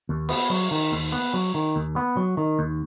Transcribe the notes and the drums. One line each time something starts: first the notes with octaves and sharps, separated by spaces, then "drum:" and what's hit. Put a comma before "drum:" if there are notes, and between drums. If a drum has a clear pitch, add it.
D#2
B3, drum: cymbal
F#3
D#3
D#2
B3
F#3
D#3
D#2
B3
F#3
D#3
D#2